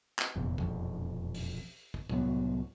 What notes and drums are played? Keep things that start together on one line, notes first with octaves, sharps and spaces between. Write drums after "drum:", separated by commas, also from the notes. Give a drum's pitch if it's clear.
drum: clap
F1 A#1 E2
E1 A#1 F2, drum: kick
drum: open hi-hat
drum: kick
C2 A2 F#3 B3, drum: kick